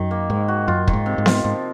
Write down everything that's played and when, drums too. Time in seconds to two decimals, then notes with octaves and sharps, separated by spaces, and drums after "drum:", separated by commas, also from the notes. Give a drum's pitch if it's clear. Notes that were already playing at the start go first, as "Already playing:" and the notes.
Already playing: F#2 D#3
0.11 A#3
0.30 G#2 D#3
0.48 F#4
0.68 F#2 F4
0.88 D#3, drum: kick
0.93 G#2
1.06 C3
1.18 G#2
1.26 F4, drum: snare B3
1.44 G#2 F3